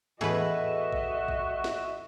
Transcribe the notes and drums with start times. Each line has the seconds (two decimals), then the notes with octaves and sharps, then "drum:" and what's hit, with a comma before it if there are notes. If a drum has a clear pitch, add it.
0.21 E2 A2 A3 F#4 G#4 B4 D#5 E5
0.93 drum: kick A#1
1.28 drum: kick A#1
1.64 drum: snare